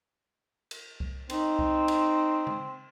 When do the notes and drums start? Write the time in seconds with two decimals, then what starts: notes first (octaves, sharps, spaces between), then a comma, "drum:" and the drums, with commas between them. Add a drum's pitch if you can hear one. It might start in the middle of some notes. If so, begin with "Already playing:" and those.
0.71 drum: cymbal
1.00 drum: kick C2
1.30 C4 D#4, drum: cymbal
1.59 drum: kick C2
1.88 drum: cymbal
2.47 drum: tom C#3